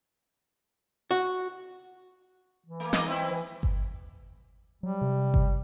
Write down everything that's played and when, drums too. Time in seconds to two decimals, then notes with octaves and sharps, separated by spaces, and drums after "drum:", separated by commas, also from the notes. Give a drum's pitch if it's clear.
1.11 F#4
2.66 E3
2.80 A3 A#3
2.93 G#2 A#3 D#5, drum: snare
3.08 C4 E4
3.31 E3
3.63 drum: kick G1
4.83 F#3 G3
5.02 C3
5.34 drum: kick G1